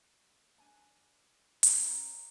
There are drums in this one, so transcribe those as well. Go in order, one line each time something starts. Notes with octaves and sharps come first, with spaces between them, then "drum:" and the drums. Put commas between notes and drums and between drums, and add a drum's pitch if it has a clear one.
D4 G#5 A5
C#4 A5 A#5, drum: hi-hat